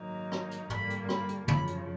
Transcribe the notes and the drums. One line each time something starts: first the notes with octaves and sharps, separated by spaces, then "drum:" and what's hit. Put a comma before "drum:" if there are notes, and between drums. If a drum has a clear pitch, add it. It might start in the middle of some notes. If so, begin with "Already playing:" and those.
Already playing: G#2 D#3 F#3 A#3 D#4
drum: rim click
drum: hi-hat
G2 D3 G3 A#3 B5, drum: tom
drum: hi-hat
B5, drum: rim click
drum: hi-hat
F#2 C#3 F3 B5, drum: tom
drum: hi-hat